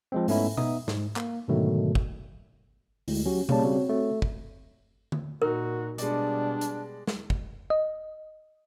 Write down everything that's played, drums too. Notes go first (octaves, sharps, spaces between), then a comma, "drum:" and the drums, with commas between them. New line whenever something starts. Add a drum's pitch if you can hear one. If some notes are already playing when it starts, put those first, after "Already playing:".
F3 G#3 C4
G#2 A3 B3 C#4 D#4 E4, drum: open hi-hat
B3 D#4 E5 D#6, drum: tom B2
G#2, drum: snare
A#3, drum: clap
G#2 B2 D3 D#3 F#3 A3
drum: kick
D2 G#3 E4, drum: open hi-hat
F#3 C#4 F#4 G4
C#3 G3 A#3 C#5 A5, drum: tom B2
C4 F#4 C#5
A3
drum: kick
drum: tom D3
A#2 D#4 F#4 A#4
B2 G3 G#3 D4 D5, drum: hi-hat
drum: hi-hat
drum: snare
drum: kick
D#5